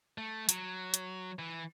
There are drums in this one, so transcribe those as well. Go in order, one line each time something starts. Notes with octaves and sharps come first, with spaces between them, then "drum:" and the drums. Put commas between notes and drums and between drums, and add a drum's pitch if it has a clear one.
A3
F#3, drum: hi-hat
drum: hi-hat
E3